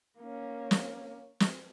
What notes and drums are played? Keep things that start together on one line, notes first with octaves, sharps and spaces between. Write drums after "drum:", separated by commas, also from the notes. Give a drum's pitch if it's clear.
A#3 C#4
drum: snare
drum: snare